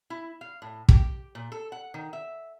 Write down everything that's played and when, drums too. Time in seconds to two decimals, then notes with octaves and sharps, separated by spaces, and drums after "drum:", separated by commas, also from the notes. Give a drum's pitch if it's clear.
0.10 E4
0.41 F5
0.62 A2
0.89 G4, drum: kick
1.35 A#2
1.52 A4
1.72 F#5
1.94 D#3
2.13 E5